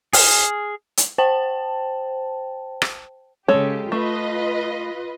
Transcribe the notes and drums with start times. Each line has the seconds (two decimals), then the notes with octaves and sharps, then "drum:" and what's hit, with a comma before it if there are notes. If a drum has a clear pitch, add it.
0.13 G#4 F6, drum: open hi-hat
0.97 drum: hi-hat
1.18 C5 G5 A5
2.82 drum: rim click
3.48 C#3 G#3 G4 A4 C#5
3.92 A3 F4 B4 D#5